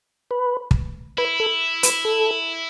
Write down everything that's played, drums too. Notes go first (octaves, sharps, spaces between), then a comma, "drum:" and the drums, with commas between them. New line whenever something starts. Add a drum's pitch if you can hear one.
B4
drum: kick
E4 B4
A4
B4, drum: hi-hat
A4